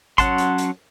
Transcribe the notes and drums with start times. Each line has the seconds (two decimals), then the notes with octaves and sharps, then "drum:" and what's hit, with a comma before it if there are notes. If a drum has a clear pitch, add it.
0.18 F#3 C#4 F#5 A5 C6, drum: kick G#1, hi-hat
0.38 drum: hi-hat
0.58 drum: hi-hat